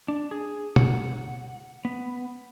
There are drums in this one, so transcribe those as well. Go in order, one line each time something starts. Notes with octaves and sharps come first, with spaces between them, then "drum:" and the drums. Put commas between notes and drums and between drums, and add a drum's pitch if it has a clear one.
D4
G#4
F#5, drum: tom
B3